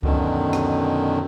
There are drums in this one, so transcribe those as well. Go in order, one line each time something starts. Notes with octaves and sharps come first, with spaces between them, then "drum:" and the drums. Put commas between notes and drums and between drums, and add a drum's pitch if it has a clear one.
F#2 B2 D3 D#3, drum: kick C#2
drum: rim click